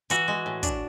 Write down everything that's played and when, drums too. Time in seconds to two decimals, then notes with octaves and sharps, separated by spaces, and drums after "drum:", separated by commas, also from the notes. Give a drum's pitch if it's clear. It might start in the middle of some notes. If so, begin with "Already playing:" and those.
0.10 E3 F#4, drum: hi-hat
0.28 G#3
0.46 A2
0.63 D4, drum: kick, hi-hat